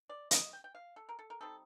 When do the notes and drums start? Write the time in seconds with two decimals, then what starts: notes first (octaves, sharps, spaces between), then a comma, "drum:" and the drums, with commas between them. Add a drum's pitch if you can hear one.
0.09 D5
0.31 D#5, drum: hi-hat
0.53 G5
0.64 G5
0.75 F5
0.96 A4
1.09 A#4
1.19 A4
1.30 A#4
1.41 G3 C4 D#4 A4